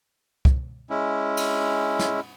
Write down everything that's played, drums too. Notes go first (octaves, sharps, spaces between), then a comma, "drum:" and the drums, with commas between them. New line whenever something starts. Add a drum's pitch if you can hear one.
drum: kick
G#3 C#4 E4
drum: cymbal
drum: snare